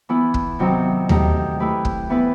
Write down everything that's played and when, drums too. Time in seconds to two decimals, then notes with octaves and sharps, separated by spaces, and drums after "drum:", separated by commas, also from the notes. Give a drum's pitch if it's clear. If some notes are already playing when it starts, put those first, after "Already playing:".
0.09 E3 B3 E4
0.34 drum: kick
0.59 C3 D#3 F#3 C4 D#4
1.09 D#3 A3 D#4 G4, drum: tom D#2
1.60 A3 E4 G4 B4
1.85 drum: kick
2.10 E3 B3 E4 B4